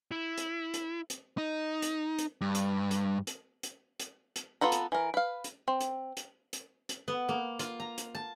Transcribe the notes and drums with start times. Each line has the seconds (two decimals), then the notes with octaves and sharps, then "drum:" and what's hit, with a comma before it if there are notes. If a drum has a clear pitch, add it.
0.11 E4
0.38 drum: hi-hat
0.74 drum: hi-hat
1.10 drum: hi-hat
1.38 D#4
1.82 drum: hi-hat
2.19 drum: hi-hat
2.41 G2
2.55 drum: hi-hat
2.91 drum: hi-hat
3.27 drum: hi-hat
3.63 drum: hi-hat
4.00 drum: hi-hat
4.36 drum: hi-hat
4.61 B3 F4 A4 B4 A#5
4.72 drum: hi-hat
4.92 E3 A#4
5.14 B4 F5
5.44 drum: hi-hat
5.68 C4
5.81 drum: hi-hat
6.17 drum: hi-hat
6.53 drum: hi-hat
6.89 drum: hi-hat
7.08 B3
7.29 A#3
7.59 F4, drum: hi-hat
7.80 A#5
7.98 drum: hi-hat
8.15 A5